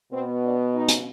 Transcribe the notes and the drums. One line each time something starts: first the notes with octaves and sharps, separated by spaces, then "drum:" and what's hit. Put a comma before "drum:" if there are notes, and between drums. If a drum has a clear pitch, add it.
B2 B3 C4
D4
D#4
drum: hi-hat